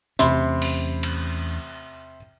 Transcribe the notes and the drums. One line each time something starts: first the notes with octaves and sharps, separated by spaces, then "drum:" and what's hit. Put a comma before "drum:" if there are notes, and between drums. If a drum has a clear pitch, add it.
E2 C3 A3 C#4 B5 C6, drum: tambourine
drum: open hi-hat
drum: cymbal